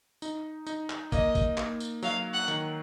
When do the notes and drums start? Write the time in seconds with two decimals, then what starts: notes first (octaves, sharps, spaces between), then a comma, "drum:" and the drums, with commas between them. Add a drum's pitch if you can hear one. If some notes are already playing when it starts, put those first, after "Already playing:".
0.22 D#4, drum: tambourine
0.67 D#4, drum: tambourine
0.90 drum: clap
1.12 A#3 D#5, drum: kick, tambourine
1.35 drum: kick, tambourine
1.57 A#3, drum: clap
1.80 drum: tambourine
2.03 F#3 F5, drum: tambourine
2.34 F#5
2.48 D#3, drum: tambourine